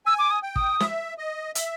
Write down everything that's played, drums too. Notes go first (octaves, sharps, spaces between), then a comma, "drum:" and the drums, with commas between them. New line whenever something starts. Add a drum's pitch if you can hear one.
G#5 E6
D6
D#6
G5
D#6, drum: kick
E5, drum: snare
D#5
E5, drum: hi-hat